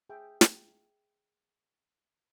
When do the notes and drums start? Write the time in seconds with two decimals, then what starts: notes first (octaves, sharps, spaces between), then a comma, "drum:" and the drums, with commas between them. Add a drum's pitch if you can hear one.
0.09 G#4 E5 G5
0.41 drum: snare